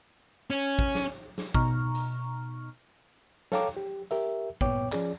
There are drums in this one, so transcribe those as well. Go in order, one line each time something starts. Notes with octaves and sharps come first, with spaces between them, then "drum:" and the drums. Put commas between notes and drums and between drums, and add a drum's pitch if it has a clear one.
C#4, drum: hi-hat
drum: kick
drum: snare
drum: snare
B2 D#4 A#5 C#6 F6, drum: kick
drum: hi-hat
A4 C#5 F5 G5 A#5 D6, drum: snare
G4
G4 A#4 E5, drum: hi-hat
G2 A#2 B3 C#5 G5 D6, drum: kick
F3 C#4 G#4 D5, drum: clap